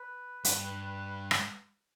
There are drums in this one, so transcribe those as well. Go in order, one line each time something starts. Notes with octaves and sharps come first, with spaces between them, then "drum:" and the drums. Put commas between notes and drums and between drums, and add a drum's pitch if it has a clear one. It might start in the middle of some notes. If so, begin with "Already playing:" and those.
Already playing: B4
G2, drum: hi-hat
drum: rim click